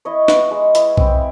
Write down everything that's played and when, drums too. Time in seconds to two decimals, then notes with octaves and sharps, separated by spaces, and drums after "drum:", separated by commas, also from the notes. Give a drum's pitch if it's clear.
0.05 E4 C#5 D#5
0.28 B3, drum: snare
0.51 G#3
0.75 E4, drum: hi-hat
0.97 C4, drum: kick